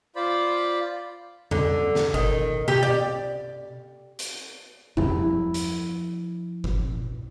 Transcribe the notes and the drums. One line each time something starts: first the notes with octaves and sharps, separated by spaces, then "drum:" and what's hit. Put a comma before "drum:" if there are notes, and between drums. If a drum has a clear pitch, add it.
F4 C5 D5 B5
D3, drum: tom E2
drum: snare
D#3, drum: kick G1
G4, drum: tom B2
D5
drum: hi-hat
D3 F3 E4, drum: tom E2
drum: hi-hat
drum: kick G1